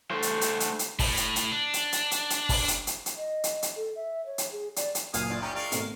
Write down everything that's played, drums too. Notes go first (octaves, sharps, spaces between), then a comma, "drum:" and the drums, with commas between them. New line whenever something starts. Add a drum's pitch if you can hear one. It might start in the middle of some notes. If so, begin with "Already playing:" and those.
A3 C5
drum: hi-hat
drum: hi-hat
drum: hi-hat
drum: hi-hat
A2, drum: kick, open hi-hat
drum: hi-hat
drum: hi-hat
D4
drum: hi-hat
drum: hi-hat
drum: hi-hat
drum: hi-hat
drum: kick, open hi-hat
drum: hi-hat
drum: hi-hat
drum: hi-hat
D#5
drum: hi-hat
drum: hi-hat
A4
E5
C#5
drum: hi-hat
G#4
D5, drum: hi-hat
drum: hi-hat
F#1 A#2 F5 G#5 D#6 F6, drum: hi-hat
A2 D4 F4
C#4 G4 G5 A#5
G#3 A#4 D5 F5 C#6
G#1 B2 A3, drum: hi-hat